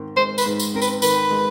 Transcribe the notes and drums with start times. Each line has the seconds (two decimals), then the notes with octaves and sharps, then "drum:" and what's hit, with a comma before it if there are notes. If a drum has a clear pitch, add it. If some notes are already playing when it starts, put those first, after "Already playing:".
Already playing: G#2 D#3 C4
0.16 G#3 C5
0.38 B4, drum: tambourine
0.46 G#2
0.59 drum: tambourine
0.74 C4 A#4
0.82 B4, drum: tambourine
1.02 D#3 B4, drum: tambourine
1.31 G#3